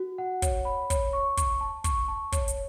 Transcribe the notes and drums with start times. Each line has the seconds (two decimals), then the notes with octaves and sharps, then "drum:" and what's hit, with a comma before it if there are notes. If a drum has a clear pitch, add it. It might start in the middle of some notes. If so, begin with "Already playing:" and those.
Already playing: F#4
0.18 F#5
0.42 C#5, drum: kick, hi-hat
0.65 B5
0.90 C#5, drum: kick, hi-hat
1.13 C#6
1.37 C#6, drum: kick, hi-hat
1.61 A5
1.84 C#6, drum: kick, hi-hat
2.08 A5
2.32 C#5, drum: kick, hi-hat
2.48 drum: hi-hat